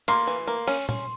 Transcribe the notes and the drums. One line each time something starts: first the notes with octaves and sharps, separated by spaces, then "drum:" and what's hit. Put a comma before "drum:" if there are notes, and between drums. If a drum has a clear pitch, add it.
A#3 C6, drum: cymbal
E3
A#3
C#4, drum: open hi-hat
C#4, drum: tom